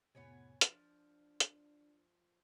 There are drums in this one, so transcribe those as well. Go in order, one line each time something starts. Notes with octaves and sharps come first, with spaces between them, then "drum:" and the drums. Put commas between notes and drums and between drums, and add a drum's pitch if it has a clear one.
F2 A2 C3 B3 C#5 G#5
F3 D4 F6, drum: hi-hat
drum: hi-hat